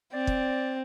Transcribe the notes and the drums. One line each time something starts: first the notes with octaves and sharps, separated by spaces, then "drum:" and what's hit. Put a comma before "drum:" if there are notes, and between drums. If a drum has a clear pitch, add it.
C4 D5
drum: kick